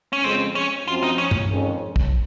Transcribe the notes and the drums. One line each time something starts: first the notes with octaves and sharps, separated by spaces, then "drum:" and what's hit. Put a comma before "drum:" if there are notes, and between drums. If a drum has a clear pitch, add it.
C#4
F2 C#3 G#3 C4
C#4
F#2 F3 C4 F4
D#4
C#4
drum: tom
F2 D#3 G#3 C#4
drum: kick